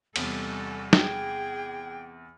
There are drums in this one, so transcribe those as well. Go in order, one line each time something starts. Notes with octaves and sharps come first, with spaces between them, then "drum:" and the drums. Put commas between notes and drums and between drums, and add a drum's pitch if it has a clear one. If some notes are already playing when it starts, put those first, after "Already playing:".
E2 C3 G3 A4 G#5, drum: cymbal
G#4 G5, drum: snare